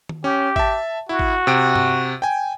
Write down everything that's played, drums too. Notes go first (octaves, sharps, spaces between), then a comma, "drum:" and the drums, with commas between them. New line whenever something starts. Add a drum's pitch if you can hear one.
drum: tom D#3
C#4 G4
E5 A5, drum: kick
E4 F#4
drum: kick
C3 G5 D7
drum: tom G2
G5 G#5